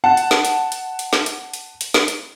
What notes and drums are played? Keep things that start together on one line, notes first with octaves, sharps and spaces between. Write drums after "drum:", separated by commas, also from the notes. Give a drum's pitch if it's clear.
F#5 A5
drum: hi-hat
drum: snare
drum: hi-hat
drum: hi-hat
drum: hi-hat
drum: snare
drum: hi-hat
drum: hi-hat
drum: hi-hat
drum: snare
drum: hi-hat